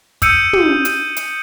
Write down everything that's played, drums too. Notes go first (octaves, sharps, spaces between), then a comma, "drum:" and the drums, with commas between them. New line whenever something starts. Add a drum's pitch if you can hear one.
D#6 E6 G6 C#7 D#7, drum: kick, hi-hat
drum: tom
drum: hi-hat
drum: hi-hat